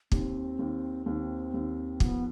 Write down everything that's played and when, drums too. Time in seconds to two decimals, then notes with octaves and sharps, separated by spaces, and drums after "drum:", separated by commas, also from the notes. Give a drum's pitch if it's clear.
0.12 D#2 C4, drum: kick
0.59 D#2
1.06 D#2 C4
1.54 D#2
2.00 F3 B3, drum: kick